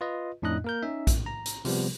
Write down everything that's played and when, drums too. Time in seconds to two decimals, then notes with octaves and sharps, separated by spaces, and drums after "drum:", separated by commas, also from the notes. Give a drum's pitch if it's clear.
0.01 F4 B4 D#5
0.42 F2 A2 D4 D#4 D#5 F#6
0.64 A#3 A#4 G6
0.83 C#4 D#4 E5
1.07 drum: kick A#1, hi-hat
1.26 A#5
1.46 drum: hi-hat
1.65 C3 F3 G3 B3, drum: open hi-hat